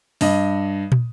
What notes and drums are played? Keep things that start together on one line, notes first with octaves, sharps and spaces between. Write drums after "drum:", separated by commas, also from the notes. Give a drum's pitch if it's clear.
G2 D#5, drum: open hi-hat
drum: tom